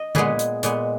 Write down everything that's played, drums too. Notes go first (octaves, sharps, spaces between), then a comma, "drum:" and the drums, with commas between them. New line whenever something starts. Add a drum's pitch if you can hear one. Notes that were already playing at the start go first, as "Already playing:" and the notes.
Already playing: D#5
A#2 G#3 B3 G#4 B4, drum: tom
drum: hi-hat
A#2 G#3 B3, drum: hi-hat